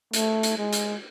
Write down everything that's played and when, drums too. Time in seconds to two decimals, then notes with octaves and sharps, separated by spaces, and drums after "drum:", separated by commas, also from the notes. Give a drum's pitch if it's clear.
0.13 A3, drum: hi-hat
0.43 drum: hi-hat
0.57 G#3
0.73 drum: hi-hat